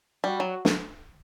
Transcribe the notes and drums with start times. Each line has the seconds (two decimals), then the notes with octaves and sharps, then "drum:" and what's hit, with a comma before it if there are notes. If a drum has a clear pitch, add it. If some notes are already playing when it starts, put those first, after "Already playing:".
0.24 G3 F#4
0.40 F#3
0.65 drum: snare